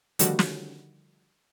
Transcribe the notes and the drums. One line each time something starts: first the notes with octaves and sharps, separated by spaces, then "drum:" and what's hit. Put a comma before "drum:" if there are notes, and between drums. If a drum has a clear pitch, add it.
D3 D#3 F3 G3 A3 F#4, drum: hi-hat
drum: snare